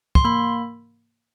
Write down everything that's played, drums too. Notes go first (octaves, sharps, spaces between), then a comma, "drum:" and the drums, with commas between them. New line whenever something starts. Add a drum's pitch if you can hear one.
C6, drum: kick
A#3 B5